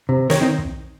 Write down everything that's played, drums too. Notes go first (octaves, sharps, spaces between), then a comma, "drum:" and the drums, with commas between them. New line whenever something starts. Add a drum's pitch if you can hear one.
C3
D#3 A#4 C#5, drum: snare
C4 D#4
drum: kick